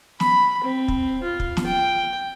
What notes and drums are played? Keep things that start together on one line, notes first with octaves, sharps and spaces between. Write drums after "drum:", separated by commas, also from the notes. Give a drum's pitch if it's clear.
B5, drum: snare
C4
drum: kick
F4
drum: kick
drum: snare
G5